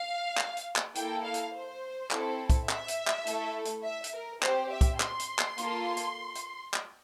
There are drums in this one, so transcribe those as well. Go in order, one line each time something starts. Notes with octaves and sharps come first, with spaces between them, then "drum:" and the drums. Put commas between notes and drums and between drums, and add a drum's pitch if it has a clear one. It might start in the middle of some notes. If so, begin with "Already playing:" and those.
Already playing: F5
drum: clap
drum: hi-hat
drum: clap
A#3 E4 A4 G5, drum: hi-hat
F5
drum: hi-hat
C5
C4 E4 A4, drum: clap
drum: kick, hi-hat
E5, drum: clap
drum: hi-hat
drum: clap
A3 E4 A4, drum: hi-hat
drum: hi-hat
E5
drum: hi-hat
A#4
C4 G4 C5, drum: clap
E5
drum: kick, hi-hat
C6, drum: clap
drum: hi-hat
drum: clap
A#3 F4 A4, drum: hi-hat
drum: hi-hat
drum: hi-hat
drum: clap